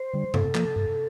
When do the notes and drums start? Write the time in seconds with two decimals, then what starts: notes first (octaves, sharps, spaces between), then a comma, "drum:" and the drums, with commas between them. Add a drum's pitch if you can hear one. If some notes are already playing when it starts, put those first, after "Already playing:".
Already playing: C5
0.13 D3 G3
0.34 G2 A4, drum: tom C3
0.55 F3 A#3, drum: clap
0.76 G2